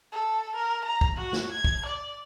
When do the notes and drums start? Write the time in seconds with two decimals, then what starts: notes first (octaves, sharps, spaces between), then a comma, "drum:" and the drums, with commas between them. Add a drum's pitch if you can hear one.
0.12 A4
0.56 A#4
0.85 A#5
1.01 drum: kick
1.17 F#4, drum: tom G#2
1.33 drum: snare
1.52 G#6
1.64 drum: kick
1.86 D5